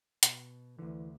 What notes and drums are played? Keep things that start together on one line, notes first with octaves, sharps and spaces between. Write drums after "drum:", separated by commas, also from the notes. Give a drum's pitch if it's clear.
B2, drum: hi-hat
D2 D3 E3